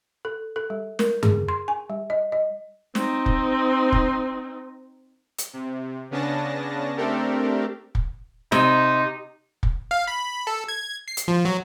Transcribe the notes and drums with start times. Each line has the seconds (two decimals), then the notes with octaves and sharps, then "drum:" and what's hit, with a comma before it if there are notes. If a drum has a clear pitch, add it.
0.25 A4
0.56 A4
0.70 G3
0.99 A#4, drum: snare
1.23 G#4, drum: tom F#2
1.49 C6
1.68 G#5
1.90 G3
2.10 D#5
2.32 D#5
2.95 C4 D#4, drum: snare
3.26 drum: kick
3.92 drum: kick
5.38 drum: hi-hat
5.53 C3
6.11 C#3 B3 C#4 D4 A5 A#6
6.97 A3 C4 D4 G4 A4 A#4
7.95 drum: kick
8.52 C3 D#4, drum: snare
9.63 drum: kick
9.91 F5
10.08 B5
10.47 A4
10.68 G#6
11.08 C7
11.17 drum: hi-hat
11.28 F3
11.45 F#3